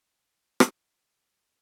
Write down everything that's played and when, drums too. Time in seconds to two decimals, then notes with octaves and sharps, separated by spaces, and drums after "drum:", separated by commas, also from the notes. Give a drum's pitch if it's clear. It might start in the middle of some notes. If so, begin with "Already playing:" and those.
0.60 drum: rim click
1.11 G3